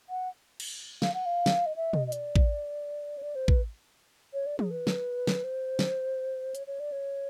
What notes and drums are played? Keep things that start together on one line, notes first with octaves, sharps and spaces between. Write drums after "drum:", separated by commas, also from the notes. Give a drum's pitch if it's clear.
F#5
drum: cymbal
F5, drum: snare
F#5
F5
drum: snare
D#5
E5
D#5, drum: tom B2
D#5
D5, drum: hi-hat
drum: kick
C#5
D5
C5
B4, drum: kick
C#5
D5
G#4, drum: tom
B4
drum: snare
drum: snare
C5
drum: snare
C#5, drum: hi-hat
C#5
D5
C#5